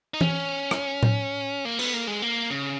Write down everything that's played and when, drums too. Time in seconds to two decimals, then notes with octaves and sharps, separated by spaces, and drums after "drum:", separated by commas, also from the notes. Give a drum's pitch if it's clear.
0.14 D#4
0.21 C#4, drum: tom E3
0.71 drum: rim click
1.03 drum: tom A2
1.65 A#3
1.79 B3, drum: cymbal
1.94 A#3
2.07 G#3
2.22 A#3
2.50 C#3